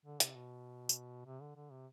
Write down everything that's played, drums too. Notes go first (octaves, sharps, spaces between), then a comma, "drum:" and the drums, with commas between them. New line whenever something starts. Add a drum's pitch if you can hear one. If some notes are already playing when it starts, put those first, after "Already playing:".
D3
C3, drum: hi-hat
B2
drum: tambourine
C3
D3
D3
C3